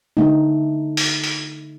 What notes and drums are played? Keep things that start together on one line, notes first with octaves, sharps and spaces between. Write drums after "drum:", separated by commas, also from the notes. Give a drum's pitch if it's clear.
D3 A3 D#4
drum: open hi-hat
drum: open hi-hat